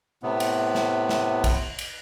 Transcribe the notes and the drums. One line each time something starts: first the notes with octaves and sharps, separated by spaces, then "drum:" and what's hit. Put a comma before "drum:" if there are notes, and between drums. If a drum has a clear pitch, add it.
A2 C3 B3
drum: cymbal
drum: snare
drum: snare
drum: kick, cymbal
drum: cymbal